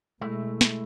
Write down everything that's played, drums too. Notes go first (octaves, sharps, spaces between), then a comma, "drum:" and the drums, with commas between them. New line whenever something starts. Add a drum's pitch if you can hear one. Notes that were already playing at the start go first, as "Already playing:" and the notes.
B2 G#3 A3 E4
drum: snare